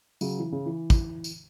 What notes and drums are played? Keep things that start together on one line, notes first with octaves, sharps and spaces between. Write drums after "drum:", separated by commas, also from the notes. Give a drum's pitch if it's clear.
C#3 F#3, drum: tambourine
E3
C#3
E3
drum: kick, tambourine
drum: tambourine